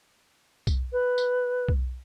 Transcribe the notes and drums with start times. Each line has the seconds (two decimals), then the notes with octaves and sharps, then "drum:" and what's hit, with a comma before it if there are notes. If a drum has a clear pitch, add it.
0.67 drum: kick B1, tambourine
0.92 B4
1.18 drum: tambourine
1.69 drum: kick B1